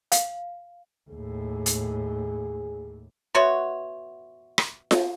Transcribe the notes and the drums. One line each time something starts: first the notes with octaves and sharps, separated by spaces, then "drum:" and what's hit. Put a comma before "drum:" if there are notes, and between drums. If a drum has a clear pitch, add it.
F5, drum: hi-hat
D#2 A2 G#4
drum: hi-hat
B3 F#4 C#5 E5 C6
drum: rim click
drum: snare F4